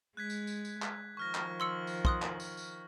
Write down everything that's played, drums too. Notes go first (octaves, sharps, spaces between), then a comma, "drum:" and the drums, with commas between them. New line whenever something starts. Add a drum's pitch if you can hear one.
G#3 F#6 G#6 B6
drum: tambourine
drum: tambourine
drum: tambourine
drum: clap
D#3 F3 C#6 F6 A#6
drum: clap
C6 E6 C#7 F#7
drum: tambourine
C6 D#6 F#6, drum: kick
drum: clap
drum: tambourine
drum: tambourine